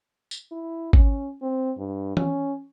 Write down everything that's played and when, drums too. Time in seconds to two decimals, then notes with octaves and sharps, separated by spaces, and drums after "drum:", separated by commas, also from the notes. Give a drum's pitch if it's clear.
0.31 drum: tambourine
0.51 E4
0.93 C#4, drum: kick G#1
1.42 C4
1.78 G2
2.17 C#4, drum: tom E3